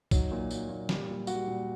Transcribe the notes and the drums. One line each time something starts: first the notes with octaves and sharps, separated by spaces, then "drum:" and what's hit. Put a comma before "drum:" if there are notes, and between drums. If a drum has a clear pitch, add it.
F#3 D#4, drum: kick, tambourine
A#2
F#3, drum: tambourine
A#2
G3, drum: snare
A#2
G3 F#4, drum: tambourine
A#2